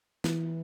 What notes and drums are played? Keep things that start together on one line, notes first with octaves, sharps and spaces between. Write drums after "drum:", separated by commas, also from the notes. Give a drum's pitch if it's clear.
E3, drum: snare